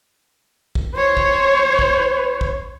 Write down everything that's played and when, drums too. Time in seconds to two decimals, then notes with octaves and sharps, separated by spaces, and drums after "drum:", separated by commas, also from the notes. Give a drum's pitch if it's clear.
0.75 drum: kick
0.96 C5 C#5
1.17 drum: kick
1.79 drum: kick
2.41 drum: kick